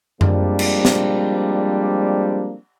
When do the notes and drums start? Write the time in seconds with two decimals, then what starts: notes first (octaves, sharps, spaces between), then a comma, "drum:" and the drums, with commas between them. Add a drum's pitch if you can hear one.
0.21 F3 G3 G#3 A#3 C4 D4, drum: tom F#2
0.59 drum: cymbal
0.85 drum: snare